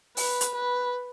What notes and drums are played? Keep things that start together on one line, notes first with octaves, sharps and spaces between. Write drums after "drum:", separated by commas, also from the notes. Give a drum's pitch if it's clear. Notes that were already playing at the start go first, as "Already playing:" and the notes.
B4, drum: open hi-hat
drum: hi-hat
B4